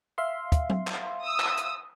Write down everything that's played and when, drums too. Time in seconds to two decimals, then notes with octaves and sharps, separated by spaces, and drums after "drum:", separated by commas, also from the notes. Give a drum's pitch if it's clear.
0.18 E5 F5 C6
0.52 drum: kick, hi-hat
0.70 drum: tom F#3
0.87 drum: clap
1.22 D#6 E6
1.40 drum: clap
1.57 drum: hi-hat